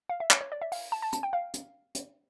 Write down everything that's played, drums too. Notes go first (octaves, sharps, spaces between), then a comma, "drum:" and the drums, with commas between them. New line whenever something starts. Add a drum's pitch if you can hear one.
F5
E5
C#5, drum: clap
C#5
D5
E5
F5, drum: open hi-hat
A5
A5
A5, drum: hi-hat
G5
F5
drum: hi-hat
drum: hi-hat